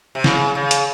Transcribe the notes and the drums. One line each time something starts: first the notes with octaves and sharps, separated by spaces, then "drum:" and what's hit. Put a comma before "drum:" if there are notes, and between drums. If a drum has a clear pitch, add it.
C3
C#3, drum: snare
C#3
drum: hi-hat